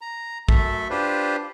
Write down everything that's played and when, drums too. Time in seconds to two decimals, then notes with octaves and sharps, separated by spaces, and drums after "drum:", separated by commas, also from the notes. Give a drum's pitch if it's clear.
0.01 A#5
0.49 F#2 A3 A4 E5, drum: kick
0.90 D4 F4 G4 B4 C5